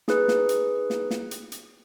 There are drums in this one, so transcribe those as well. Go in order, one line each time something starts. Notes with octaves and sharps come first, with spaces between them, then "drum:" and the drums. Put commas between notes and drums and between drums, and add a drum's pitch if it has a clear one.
D#4 G#4 B4, drum: snare
drum: snare
drum: hi-hat
drum: snare
drum: snare
drum: hi-hat
drum: hi-hat